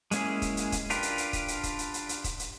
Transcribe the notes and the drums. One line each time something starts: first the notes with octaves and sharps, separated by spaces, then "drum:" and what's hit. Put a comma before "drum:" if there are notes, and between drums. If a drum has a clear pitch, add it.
G#3 A#3 C#4 E4 G#4, drum: hi-hat
drum: kick, hi-hat
drum: hi-hat
drum: kick, hi-hat
D4 F4 G4 A#4 B4, drum: hi-hat
drum: hi-hat
drum: hi-hat
drum: kick, hi-hat
drum: hi-hat
drum: kick, hi-hat
drum: hi-hat
drum: hi-hat
drum: hi-hat
drum: kick, hi-hat
drum: hi-hat